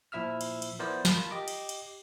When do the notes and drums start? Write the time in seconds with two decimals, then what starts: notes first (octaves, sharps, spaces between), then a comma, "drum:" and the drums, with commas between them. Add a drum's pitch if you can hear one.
0.12 A#2 F3 E4 E5 E6 F6
0.41 drum: cymbal
0.62 drum: cymbal
0.79 F3 B3 E4 A#4 C5 D5
1.05 F4 A#4 A5 B5, drum: snare
1.31 G4 D#5 D6
1.48 drum: cymbal
1.69 drum: cymbal